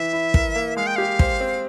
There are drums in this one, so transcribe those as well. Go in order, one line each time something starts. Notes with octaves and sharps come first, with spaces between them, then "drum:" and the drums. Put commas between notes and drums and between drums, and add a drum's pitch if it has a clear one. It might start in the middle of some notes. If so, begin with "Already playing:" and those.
Already playing: E3 E5
E4
A#4, drum: kick
A#3
G#3 F5
G5
G4 F5
C5, drum: kick
C4